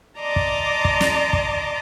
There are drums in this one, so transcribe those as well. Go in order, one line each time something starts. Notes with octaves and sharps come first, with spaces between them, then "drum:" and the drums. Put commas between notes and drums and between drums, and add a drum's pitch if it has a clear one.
D5 D#5 A5 A#5 C6 D6
drum: kick
drum: kick
drum: snare
drum: kick